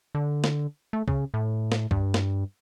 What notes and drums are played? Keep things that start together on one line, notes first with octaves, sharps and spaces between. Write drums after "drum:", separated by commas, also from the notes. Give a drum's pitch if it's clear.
D3
drum: snare
A3
C#3, drum: kick
A2
drum: snare
G2, drum: kick
drum: snare